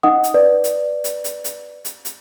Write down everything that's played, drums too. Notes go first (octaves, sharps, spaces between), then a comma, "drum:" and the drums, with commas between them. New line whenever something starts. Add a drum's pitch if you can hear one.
D#4 D#5 F#5 D#6
drum: hi-hat
B4 D5
drum: hi-hat
drum: hi-hat
drum: hi-hat
drum: hi-hat
drum: hi-hat
drum: hi-hat